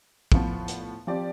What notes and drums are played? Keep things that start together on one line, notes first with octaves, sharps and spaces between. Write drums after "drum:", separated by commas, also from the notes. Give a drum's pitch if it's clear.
A2 F3 B3, drum: kick
drum: hi-hat
F3 C4 G4 D5